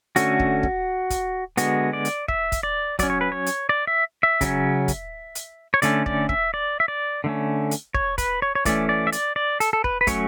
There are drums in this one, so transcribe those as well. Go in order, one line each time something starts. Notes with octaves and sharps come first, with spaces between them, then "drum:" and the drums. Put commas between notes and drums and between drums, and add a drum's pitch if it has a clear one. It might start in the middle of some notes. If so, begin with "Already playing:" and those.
D3 A3 C#4 F#4, drum: hi-hat
drum: kick
drum: kick
drum: kick, hi-hat
D3 G#3 B3 F#4, drum: hi-hat
D5
drum: hi-hat
E5, drum: kick
drum: kick, hi-hat
D5
F#3 C#4 D5, drum: kick, hi-hat
C#5
B4
C#5
drum: hi-hat
D5
E5
E5
C#3 F#3 C#4, drum: kick, hi-hat
drum: kick, hi-hat
drum: hi-hat
C#5
D3 A3 C#4 D5, drum: hi-hat
D5, drum: kick
E5, drum: kick
D5
E5
D5
D3 A3 C#4
drum: hi-hat
C#5, drum: kick
B4, drum: kick, hi-hat
C#5
C#5
E3 A3 C#4 D5, drum: kick, hi-hat
D5
E5
D5, drum: hi-hat
D5
A4, drum: hi-hat
A4
B4, drum: kick
B4
F#3 A3 C#4 C#5, drum: kick, hi-hat